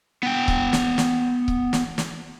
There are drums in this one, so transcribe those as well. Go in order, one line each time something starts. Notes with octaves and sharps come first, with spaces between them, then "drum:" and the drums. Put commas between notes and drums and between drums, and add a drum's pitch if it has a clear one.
B3 G5
drum: kick C#1
drum: snare
drum: snare
drum: kick C#1
drum: snare
drum: snare